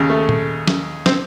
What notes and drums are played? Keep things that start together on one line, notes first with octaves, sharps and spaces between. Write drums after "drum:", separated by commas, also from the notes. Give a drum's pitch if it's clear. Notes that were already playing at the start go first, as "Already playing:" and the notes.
Already playing: D#2 C#3
A3
drum: tom A#2
drum: snare
C4, drum: snare